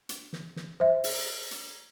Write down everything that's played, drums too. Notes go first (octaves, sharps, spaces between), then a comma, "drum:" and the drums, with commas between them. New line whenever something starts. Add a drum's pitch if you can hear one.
drum: hi-hat
drum: snare
drum: snare
C5 E5
drum: open hi-hat
drum: hi-hat